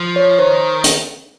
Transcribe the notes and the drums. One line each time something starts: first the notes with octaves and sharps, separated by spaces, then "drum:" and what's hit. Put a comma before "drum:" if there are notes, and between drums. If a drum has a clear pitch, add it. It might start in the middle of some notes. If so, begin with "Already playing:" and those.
Already playing: F3
C#5
D#3 C5
drum: hi-hat